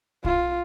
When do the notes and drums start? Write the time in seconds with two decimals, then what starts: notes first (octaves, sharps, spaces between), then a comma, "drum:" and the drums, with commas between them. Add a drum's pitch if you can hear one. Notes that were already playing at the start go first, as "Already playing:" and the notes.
0.25 F4, drum: kick B1